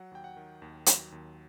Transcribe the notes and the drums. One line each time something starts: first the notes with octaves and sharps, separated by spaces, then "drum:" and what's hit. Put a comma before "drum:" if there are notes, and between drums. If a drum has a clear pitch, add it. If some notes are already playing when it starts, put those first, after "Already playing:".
Already playing: F#3 F#5
D#2 G5
F#5
D#3
D#2
F#3, drum: hi-hat
D#2